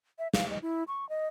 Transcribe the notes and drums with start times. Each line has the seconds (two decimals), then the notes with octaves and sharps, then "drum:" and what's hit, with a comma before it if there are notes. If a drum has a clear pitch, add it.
0.19 E5
0.34 F5, drum: snare
0.50 D#5
0.62 E4
0.88 C#6
1.09 D#5